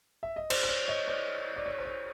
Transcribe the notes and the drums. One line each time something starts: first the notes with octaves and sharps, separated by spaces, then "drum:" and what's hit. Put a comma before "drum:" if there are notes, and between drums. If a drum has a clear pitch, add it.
E5
D#5
C5 D5, drum: cymbal
C5
C#5
C#5 D#5
C5 D5
D5
C#5
C5
C#5